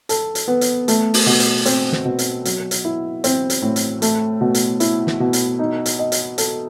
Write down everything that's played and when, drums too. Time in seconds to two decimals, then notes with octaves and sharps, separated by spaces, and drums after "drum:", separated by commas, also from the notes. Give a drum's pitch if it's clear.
0.09 A4, drum: hi-hat
0.35 drum: hi-hat
0.48 B3
0.61 drum: hi-hat
0.88 A3, drum: hi-hat
1.14 drum: open hi-hat
1.26 B2
1.40 drum: hi-hat
1.66 C4, drum: hi-hat
1.92 drum: snare
2.05 B2
2.19 drum: hi-hat
2.45 F#3, drum: hi-hat
2.71 drum: hi-hat
2.85 E4
3.24 C4, drum: hi-hat
3.50 drum: hi-hat
3.62 A2
3.76 drum: hi-hat
4.02 A3, drum: hi-hat
4.41 B2
4.54 drum: hi-hat
4.80 E4, drum: hi-hat
5.07 drum: snare
5.20 B2
5.33 drum: hi-hat
5.59 D#4
5.86 drum: hi-hat
5.99 D#5
6.12 drum: hi-hat
6.38 A4, drum: hi-hat